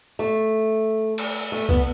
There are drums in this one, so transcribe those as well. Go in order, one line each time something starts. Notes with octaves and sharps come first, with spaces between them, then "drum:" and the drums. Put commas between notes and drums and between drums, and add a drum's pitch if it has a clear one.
A3
drum: cymbal
A3
B3, drum: kick B1